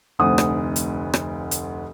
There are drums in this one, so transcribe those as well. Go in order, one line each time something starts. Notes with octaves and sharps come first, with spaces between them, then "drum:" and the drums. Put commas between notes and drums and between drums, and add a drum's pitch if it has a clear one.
F1 D2 C5 F#5 D#6
drum: rim click
drum: hi-hat
drum: rim click
drum: hi-hat